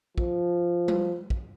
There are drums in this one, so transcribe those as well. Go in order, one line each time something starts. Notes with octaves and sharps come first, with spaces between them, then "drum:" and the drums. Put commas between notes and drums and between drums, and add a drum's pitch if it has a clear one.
F3, drum: kick
drum: tom G3
drum: kick